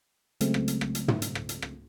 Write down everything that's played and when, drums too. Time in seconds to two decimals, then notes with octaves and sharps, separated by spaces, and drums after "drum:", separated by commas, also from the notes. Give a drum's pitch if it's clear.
0.41 C#3 F#3 G#3 A3 C4, drum: hi-hat
0.54 drum: rim click
0.68 drum: hi-hat
0.81 drum: rim click
0.95 drum: hi-hat
1.08 drum: tom
1.22 drum: hi-hat
1.35 drum: rim click
1.49 drum: hi-hat
1.62 drum: rim click